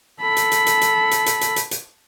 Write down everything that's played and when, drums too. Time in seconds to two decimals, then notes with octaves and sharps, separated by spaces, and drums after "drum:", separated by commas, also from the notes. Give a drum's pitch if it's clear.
0.22 A4 B5
0.37 drum: hi-hat
0.52 drum: hi-hat
0.66 drum: hi-hat
0.81 drum: hi-hat
1.11 drum: hi-hat
1.26 drum: hi-hat
1.41 drum: hi-hat
1.56 drum: hi-hat
1.71 drum: hi-hat